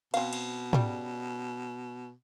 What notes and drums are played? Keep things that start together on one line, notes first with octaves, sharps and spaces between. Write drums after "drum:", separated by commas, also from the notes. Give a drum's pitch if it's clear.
B2 C4 F5, drum: cymbal
drum: cymbal
C#3 G3, drum: tom